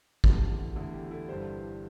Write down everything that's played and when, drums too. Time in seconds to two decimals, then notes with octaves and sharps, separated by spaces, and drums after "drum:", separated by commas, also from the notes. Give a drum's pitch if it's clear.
0.24 E2 D3 A3 G4, drum: kick
0.76 E2 D3 A3 E4
0.93 G4
1.11 E4 A4
1.28 G1 G2 E3 G3 G4 C5